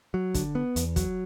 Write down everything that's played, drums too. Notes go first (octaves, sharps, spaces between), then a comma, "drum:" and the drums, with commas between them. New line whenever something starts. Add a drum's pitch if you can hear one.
F#3
D3, drum: kick, hi-hat
B3
E2, drum: hi-hat
F#3, drum: kick, hi-hat